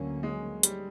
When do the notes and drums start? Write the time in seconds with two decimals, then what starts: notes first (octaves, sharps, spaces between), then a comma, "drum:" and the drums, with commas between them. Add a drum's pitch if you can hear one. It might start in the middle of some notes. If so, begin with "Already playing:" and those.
Already playing: D2 D3 F#3 A#3 C#4
0.23 G#3
0.63 G3, drum: hi-hat